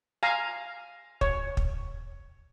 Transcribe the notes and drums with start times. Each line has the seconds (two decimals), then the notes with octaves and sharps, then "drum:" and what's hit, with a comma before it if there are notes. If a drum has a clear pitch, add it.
0.23 F5 G#5 A#5
1.21 C#5, drum: kick
1.57 drum: kick